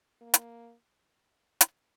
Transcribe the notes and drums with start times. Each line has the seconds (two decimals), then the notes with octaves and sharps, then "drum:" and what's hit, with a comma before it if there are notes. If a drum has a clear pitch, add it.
0.21 A#3
0.34 drum: hi-hat
1.61 drum: hi-hat